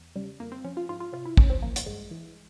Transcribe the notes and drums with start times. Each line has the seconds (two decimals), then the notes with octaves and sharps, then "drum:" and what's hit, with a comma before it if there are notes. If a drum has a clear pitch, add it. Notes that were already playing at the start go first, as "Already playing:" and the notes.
Already playing: E2
0.16 C#3 G3
0.40 F2 A#3
0.52 C4
0.64 F3 C#4
0.77 F4
0.89 G#2 F4
1.00 F4
1.13 C3 F4
1.25 E4
1.37 F2 C#4, drum: kick
1.50 C4
1.62 F3 A#3
1.76 drum: hi-hat
1.86 G2 G#3
2.11 E3